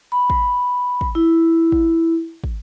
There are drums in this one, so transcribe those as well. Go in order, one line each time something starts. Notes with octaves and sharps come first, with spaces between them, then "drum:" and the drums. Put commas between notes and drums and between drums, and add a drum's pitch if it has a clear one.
B5
drum: kick
drum: kick
E4
drum: kick
drum: kick